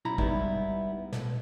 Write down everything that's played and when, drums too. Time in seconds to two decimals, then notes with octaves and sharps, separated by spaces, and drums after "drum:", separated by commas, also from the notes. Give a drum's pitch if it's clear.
0.05 B1 E4 A#5 B5
0.18 G3 G#3 B3 D#4 E4, drum: kick
1.13 B2, drum: snare